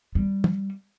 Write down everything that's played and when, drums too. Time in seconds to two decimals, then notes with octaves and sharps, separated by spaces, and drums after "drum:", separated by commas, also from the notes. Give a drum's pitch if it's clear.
0.15 G3
0.44 drum: tom